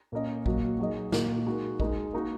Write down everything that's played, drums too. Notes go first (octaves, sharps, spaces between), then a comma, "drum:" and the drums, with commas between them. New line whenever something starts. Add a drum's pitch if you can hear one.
A#2 A#3 C#4 A#4 D#5
A#2 F#3 A#3 F#4, drum: kick
F#3 D#4 G#4 D#5
A#2 A#3 F#4 A#4, drum: snare
G#3 D#4 F#4
G#3 D#4 A#4 D#5, drum: kick
A#3 D#4 F#4